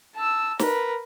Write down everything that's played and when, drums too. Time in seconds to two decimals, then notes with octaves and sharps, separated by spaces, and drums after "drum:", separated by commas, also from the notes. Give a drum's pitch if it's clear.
0.15 A5 E6
0.59 A#4 B4, drum: snare